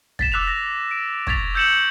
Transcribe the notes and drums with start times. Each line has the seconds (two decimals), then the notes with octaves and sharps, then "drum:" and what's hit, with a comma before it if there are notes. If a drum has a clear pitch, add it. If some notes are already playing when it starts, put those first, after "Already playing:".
0.19 A6 B6 E7, drum: kick
0.32 D6 E6 F#6 B6 E7 F7
0.47 A#6
0.91 D7
1.27 C#6 G#6 A6 B6 F7, drum: kick
1.55 E6 G6 G#6 C#7 E7 F#7